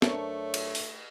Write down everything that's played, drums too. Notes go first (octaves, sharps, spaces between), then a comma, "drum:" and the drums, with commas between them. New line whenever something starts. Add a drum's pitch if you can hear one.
F#2 A3 D4 A#4 C5 C#5 A5, drum: snare
drum: cymbal
drum: open hi-hat